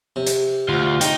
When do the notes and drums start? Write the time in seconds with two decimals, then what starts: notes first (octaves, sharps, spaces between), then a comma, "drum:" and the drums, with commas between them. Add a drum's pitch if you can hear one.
0.16 C3
0.26 drum: hi-hat
0.69 D2 F4
1.01 D#4 G5, drum: hi-hat